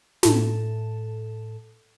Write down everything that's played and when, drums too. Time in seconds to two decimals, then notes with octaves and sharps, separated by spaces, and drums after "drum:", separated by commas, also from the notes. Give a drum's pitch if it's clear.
0.23 A2 A4 A5, drum: snare